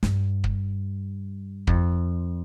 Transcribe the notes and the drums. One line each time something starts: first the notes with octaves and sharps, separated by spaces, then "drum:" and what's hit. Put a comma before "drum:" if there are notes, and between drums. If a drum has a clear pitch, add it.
G2, drum: snare
drum: kick
F2, drum: kick